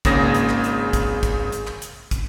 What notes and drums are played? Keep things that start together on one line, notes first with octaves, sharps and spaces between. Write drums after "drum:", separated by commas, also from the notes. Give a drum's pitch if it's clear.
G#1 C#3 A#3 G#4 A#6, drum: kick, hi-hat
drum: hi-hat
drum: clap
drum: hi-hat
drum: kick, hi-hat
drum: kick, hi-hat
drum: hi-hat
drum: clap
drum: hi-hat
drum: kick, hi-hat